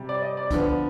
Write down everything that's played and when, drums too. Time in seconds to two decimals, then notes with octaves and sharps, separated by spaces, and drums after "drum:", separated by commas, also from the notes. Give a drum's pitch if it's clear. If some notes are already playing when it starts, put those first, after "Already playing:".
Already playing: C3 G3
0.09 D5
0.22 D#5
0.37 D5
0.51 D3 F3 B3, drum: kick, hi-hat